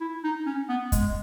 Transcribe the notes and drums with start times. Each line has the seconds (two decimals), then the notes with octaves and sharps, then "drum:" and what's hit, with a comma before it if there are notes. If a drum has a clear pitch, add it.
0.01 E4
0.24 D#4
0.46 C#4
0.69 B3
0.92 G#3, drum: kick, hi-hat